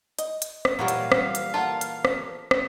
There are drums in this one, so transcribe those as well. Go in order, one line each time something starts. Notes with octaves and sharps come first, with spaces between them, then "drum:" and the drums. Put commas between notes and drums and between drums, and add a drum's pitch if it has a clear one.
D#5, drum: hi-hat
drum: hi-hat
drum: rim click
A#2 E3 F#3 G3 E4 F5
drum: hi-hat
drum: rim click
drum: hi-hat
F4 A4 A#4 F#5
drum: hi-hat
drum: rim click
drum: rim click